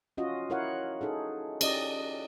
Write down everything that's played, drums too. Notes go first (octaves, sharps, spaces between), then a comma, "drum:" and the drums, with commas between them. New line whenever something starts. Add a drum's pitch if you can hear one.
C#4 F4 F#4 D#5
E4 A#4 C#5 F5 F#5
D#4 G#4 A4
C#4 G4 D5 D#5, drum: cymbal